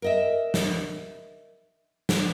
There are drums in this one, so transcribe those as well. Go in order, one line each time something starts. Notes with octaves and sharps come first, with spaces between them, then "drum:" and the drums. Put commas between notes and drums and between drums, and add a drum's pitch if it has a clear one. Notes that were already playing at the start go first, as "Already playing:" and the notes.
A#4 D#5 E5
drum: snare
drum: snare